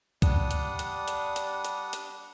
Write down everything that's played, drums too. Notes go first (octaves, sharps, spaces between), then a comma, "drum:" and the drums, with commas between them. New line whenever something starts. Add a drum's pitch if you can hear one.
G3 D4 F#5 D#6, drum: kick C2, hi-hat
drum: hi-hat
drum: hi-hat
drum: hi-hat
drum: hi-hat
drum: hi-hat
drum: hi-hat